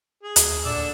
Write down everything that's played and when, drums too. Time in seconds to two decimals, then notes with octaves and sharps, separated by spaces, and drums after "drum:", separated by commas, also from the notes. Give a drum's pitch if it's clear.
0.23 G#4
0.36 D#2, drum: hi-hat
0.65 A#2 D3 D5 E6
0.77 D#2